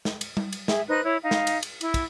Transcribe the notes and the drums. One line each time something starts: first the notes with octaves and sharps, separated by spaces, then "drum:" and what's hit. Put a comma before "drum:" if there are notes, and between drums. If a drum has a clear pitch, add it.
drum: snare
drum: cymbal
drum: tom G3
drum: cymbal
G#4 E5, drum: snare
D#4 B4 C5 F#6
E4 C#5
D#4 F5
drum: snare
drum: cymbal
drum: cymbal
E4, drum: cymbal
drum: kick, cymbal